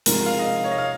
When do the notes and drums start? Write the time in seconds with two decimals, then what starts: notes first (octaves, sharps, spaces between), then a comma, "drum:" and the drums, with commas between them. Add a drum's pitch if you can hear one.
0.06 C3 F3 G#3 D#4 A#4, drum: hi-hat
0.26 F5
0.39 D#5
0.47 F5
0.64 C#5
0.71 D#5
0.78 F5